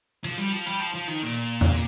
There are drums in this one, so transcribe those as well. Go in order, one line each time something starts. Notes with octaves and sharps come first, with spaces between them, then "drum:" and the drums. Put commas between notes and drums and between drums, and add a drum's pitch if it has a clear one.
F3, drum: cymbal
G3
F3
G3
F3
F3
D#3
A#2
drum: tom E2